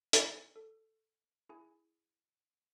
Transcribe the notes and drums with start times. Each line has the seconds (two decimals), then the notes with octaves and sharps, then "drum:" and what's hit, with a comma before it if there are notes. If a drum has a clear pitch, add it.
0.13 drum: hi-hat
0.56 A4
1.49 E4 G#4 G#5